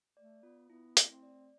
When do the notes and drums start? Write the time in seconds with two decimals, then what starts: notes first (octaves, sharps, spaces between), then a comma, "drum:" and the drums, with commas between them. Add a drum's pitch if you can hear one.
0.17 A3 D5
0.43 B3 F4
0.70 B3 E4
0.97 A3, drum: hi-hat
1.09 C4
1.23 D5